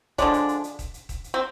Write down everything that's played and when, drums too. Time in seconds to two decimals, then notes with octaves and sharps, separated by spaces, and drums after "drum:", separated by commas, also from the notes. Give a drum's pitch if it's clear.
0.18 D3 F3 G#3 D4, drum: kick D#1, hi-hat
0.33 drum: hi-hat
0.49 drum: hi-hat
0.64 drum: hi-hat
0.79 drum: kick D#1, hi-hat
0.94 drum: hi-hat
1.09 drum: kick D#1, hi-hat
1.24 drum: hi-hat
1.34 C4